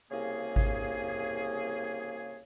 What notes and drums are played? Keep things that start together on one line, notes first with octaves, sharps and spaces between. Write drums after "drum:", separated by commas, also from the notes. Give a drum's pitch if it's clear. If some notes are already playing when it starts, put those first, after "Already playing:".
C2 C#3 A#3 G#4
drum: kick G#1